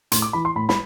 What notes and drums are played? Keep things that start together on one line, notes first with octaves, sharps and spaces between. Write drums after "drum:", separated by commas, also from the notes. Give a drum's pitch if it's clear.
A2 C6, drum: hi-hat
D6
E3 B5
C6
A2 B5
B5, drum: snare